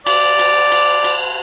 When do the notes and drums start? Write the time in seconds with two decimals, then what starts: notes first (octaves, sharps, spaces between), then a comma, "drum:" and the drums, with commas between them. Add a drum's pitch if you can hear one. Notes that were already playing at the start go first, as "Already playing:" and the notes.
0.07 D5, drum: cymbal
0.39 drum: cymbal
0.72 drum: cymbal
1.04 drum: cymbal